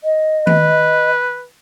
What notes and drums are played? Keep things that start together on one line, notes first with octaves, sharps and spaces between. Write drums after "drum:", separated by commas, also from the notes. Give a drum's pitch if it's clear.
D#5
B4, drum: tom D#3